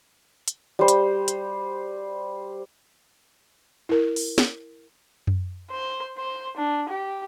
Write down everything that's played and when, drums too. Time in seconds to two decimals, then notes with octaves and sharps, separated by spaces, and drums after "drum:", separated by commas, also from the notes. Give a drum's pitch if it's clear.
0.48 drum: hi-hat
0.79 G3 C5
0.88 drum: hi-hat
1.28 drum: hi-hat
3.89 E4 A#4
4.16 drum: open hi-hat
4.38 drum: snare
5.27 drum: tom F#2
5.70 C5
6.17 C5
6.57 D4
6.89 G4